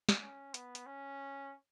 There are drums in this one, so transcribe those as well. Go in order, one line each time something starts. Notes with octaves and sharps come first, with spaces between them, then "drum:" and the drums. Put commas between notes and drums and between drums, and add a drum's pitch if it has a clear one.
drum: snare
C#4
B3, drum: hi-hat
drum: hi-hat
C#4